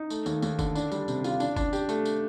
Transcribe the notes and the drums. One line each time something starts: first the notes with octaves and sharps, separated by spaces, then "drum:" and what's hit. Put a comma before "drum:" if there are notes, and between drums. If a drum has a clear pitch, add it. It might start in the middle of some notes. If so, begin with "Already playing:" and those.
Already playing: D#4
A3, drum: tambourine
D#2, drum: tambourine
D#2, drum: tambourine
D3, drum: kick F#1, tambourine
D4, drum: tambourine
G3, drum: tambourine
C3, drum: tambourine
F4, drum: tambourine
D4, drum: tambourine
D4, drum: kick F#1, tambourine
G4, drum: tambourine
A3, drum: tambourine
drum: tambourine